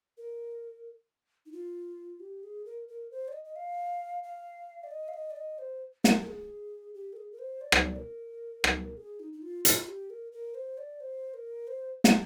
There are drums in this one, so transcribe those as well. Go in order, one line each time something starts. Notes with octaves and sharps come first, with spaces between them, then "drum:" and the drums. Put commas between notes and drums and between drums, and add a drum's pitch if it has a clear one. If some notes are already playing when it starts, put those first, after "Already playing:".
A#4
D#4
F4
G4
G#4
A#4
A#4
C5
D5
D#5
D#5
F5
F5
D5
D#5
F5
D#5
D5
D#5
C5
A#4, drum: snare
A#4
G#4
G4
A#4
G#4
A#4
C5
D5
C5, drum: rim click
D5
A#4
drum: rim click
G#4
D#4
D#4
F4
F4, drum: hi-hat
G4
A#4
A#4
C5
D5
C5
A#4
C5
drum: snare